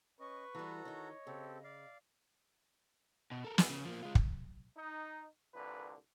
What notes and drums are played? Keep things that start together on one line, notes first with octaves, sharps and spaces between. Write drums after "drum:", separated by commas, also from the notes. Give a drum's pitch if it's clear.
C#4 B4 D#5 C#6
E3 G3 F#4 A4 A#5
D#3 D#4 C#5 D#5
C#3 C4 G4 A4
D5 F5
B2
A4 A#4
B3 G#4, drum: snare
C#3
F3 A#3
G#3 F4
drum: kick
D#4
C2 A#2 D3 B4